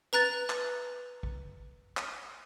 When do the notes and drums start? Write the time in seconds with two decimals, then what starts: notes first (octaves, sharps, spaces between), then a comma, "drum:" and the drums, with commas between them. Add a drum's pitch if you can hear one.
0.13 B4 A#5 F#6 A6
0.50 drum: clap
1.23 drum: kick
1.97 drum: clap